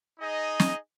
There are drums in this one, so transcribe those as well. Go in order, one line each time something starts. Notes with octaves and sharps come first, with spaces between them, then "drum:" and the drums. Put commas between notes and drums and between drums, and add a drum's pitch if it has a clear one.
D#4 G#4 D#5
drum: snare